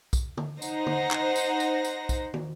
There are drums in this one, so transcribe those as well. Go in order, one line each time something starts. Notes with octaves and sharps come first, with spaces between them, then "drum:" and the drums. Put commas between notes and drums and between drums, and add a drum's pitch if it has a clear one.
drum: kick B1, tambourine
drum: tom D3
D#4 C5 F#5 A#6, drum: tambourine
drum: tom D3
drum: clap
drum: tambourine
drum: tambourine
drum: tambourine
drum: kick B1, tambourine
drum: tom